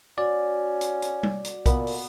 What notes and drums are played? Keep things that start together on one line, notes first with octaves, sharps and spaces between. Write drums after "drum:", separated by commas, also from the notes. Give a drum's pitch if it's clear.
C#4 F#4 D5
drum: hi-hat
drum: hi-hat
drum: tom G3
drum: hi-hat
A#2 B3 B5, drum: kick, hi-hat
drum: open hi-hat